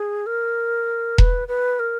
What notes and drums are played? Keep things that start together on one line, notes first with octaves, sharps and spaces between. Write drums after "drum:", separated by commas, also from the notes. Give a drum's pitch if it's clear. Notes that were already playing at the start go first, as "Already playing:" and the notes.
Already playing: G#4
A#4
B4, drum: kick E1
B4
A#4